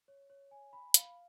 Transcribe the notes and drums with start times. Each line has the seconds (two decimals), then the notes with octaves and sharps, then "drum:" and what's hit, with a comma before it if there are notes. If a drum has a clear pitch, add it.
0.08 C#5
0.30 C#5
0.51 G#5
0.73 B5
0.94 F5, drum: hi-hat